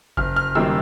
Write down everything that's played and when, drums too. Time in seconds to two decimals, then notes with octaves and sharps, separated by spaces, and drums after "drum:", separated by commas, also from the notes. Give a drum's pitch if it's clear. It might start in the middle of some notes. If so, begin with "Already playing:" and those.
0.17 F#1 F6, drum: kick G1
0.36 F6
0.55 F#2 D#3 G3 A#3 E6